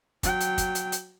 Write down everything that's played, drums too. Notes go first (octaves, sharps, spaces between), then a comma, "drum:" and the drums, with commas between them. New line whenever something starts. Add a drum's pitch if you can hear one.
F#3 G5, drum: kick, hi-hat
drum: hi-hat
drum: kick, hi-hat
drum: hi-hat
drum: hi-hat